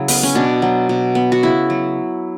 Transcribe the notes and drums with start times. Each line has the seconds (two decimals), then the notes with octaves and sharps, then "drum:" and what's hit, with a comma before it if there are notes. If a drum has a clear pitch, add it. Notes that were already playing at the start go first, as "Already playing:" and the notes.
Already playing: C#3 F#3 E4
0.08 B3, drum: open hi-hat
0.23 C#4
0.35 B2 D4
0.62 F#3
0.89 B2
1.15 B3
1.32 F#4
1.43 C#3 E4
1.70 F#3